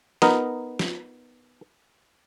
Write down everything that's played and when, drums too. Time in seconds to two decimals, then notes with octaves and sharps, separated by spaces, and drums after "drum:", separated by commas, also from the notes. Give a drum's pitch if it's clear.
0.22 B3 D#4 A#4, drum: snare
0.79 drum: snare